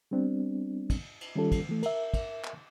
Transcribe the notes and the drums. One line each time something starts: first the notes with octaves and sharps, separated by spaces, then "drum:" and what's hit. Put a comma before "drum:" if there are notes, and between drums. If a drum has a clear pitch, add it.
G3 B3 C4 D4
drum: kick, cymbal
drum: cymbal
D#3 G3 C#4 F4 A4
drum: kick, cymbal
E3 A3
A#4 E5, drum: cymbal
drum: kick, cymbal
drum: clap